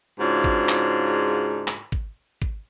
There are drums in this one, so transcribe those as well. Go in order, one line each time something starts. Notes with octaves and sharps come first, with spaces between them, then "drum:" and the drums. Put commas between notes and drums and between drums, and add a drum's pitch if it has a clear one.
G#2 C#3 D4 F4 F#4
drum: kick
drum: clap
drum: clap
drum: kick
drum: kick